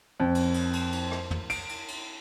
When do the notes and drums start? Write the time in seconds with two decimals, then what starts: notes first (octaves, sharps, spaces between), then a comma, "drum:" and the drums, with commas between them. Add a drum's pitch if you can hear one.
0.20 F2
0.35 drum: cymbal
0.54 drum: cymbal
0.73 drum: cymbal
0.92 drum: cymbal
1.11 drum: rim click
1.31 drum: tom
1.50 D7, drum: cymbal
1.69 drum: cymbal
1.88 drum: cymbal